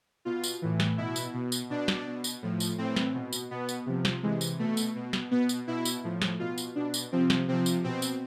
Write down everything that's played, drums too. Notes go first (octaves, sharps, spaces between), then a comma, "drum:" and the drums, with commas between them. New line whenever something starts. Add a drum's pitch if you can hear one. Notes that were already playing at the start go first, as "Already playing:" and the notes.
B2 F4
drum: tambourine
A2 E3
drum: snare
B2 E4
drum: tambourine
B2
drum: tambourine
B2 D4
drum: snare
B2
drum: tambourine
A2 F3
drum: tambourine
A2 E3 C4
drum: snare
B2
drum: tambourine
B2 B3
drum: tambourine
C3 F3
drum: snare
C3 E3 G#3
drum: tambourine
B2 A3
drum: tambourine
B2
drum: snare
B2 B3
drum: tambourine
B2 E4
drum: tambourine
A2 F3
drum: snare
B2 F4
drum: tambourine
B2 D4
drum: tambourine
C3 F3 C4
drum: snare
C3 F3 C4
drum: tambourine
B2 C4
drum: tambourine